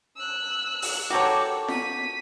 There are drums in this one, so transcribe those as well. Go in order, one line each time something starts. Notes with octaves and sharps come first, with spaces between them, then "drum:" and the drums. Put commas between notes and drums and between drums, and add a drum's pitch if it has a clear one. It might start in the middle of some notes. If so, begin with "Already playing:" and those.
E6 F#6
drum: open hi-hat
F#4 G4 A4 A#4 C#5 D6
B6 D#7, drum: snare